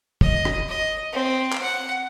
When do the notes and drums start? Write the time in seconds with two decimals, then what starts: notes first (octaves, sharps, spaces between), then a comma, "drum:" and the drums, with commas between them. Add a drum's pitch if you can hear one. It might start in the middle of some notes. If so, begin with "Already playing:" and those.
0.21 D#5, drum: kick
0.45 drum: rim click
0.68 D#5
1.13 C4
1.53 drum: clap
1.62 F#5